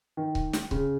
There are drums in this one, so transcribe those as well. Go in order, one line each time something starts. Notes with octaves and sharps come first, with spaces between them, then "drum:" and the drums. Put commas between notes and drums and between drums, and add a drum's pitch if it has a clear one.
D#3
drum: kick C#1
drum: snare
C#3, drum: kick C#1